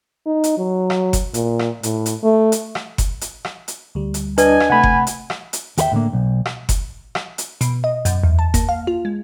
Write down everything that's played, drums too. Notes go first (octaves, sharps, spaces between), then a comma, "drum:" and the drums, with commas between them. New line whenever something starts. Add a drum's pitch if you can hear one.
D#4
drum: hi-hat
F#3
drum: rim click
drum: kick F#1, hi-hat
A#2, drum: hi-hat
drum: rim click
A2, drum: hi-hat
drum: hi-hat
A3
drum: hi-hat
drum: rim click
drum: kick F#1, hi-hat
drum: hi-hat
drum: rim click
drum: hi-hat
D2 G3
drum: hi-hat
D4 B4 D#5 G#5, drum: hi-hat
drum: rim click
C3 A3 F#5 G#5 B5
drum: kick F#1
drum: hi-hat
drum: rim click
drum: hi-hat
D#2 G4 B4 E5 G5, drum: hi-hat
A2 D3 G#3 A#3
B1
drum: rim click
drum: kick F#1, hi-hat
drum: rim click
drum: hi-hat
B2, drum: hi-hat
D#5
F#2, drum: hi-hat
E2
A5
A#3, drum: kick F#1, hi-hat
F5
F4
G#3